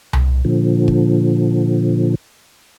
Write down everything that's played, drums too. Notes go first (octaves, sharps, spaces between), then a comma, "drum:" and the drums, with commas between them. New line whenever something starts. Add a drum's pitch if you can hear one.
drum: tom C2
A#2 D3 F3
drum: kick